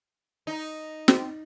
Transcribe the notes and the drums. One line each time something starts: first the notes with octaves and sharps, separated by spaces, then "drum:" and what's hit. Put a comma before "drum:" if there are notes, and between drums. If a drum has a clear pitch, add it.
D#4
C4, drum: snare